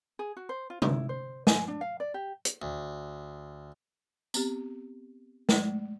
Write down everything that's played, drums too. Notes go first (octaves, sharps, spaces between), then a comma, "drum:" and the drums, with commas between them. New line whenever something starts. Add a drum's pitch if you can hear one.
G#4
F#4
C5
F4
E4, drum: tom
C5
G#5, drum: snare
D4
F5
D5
G4
drum: hi-hat
D2
B3 C4 G4, drum: tambourine
G#3 A3 D5, drum: snare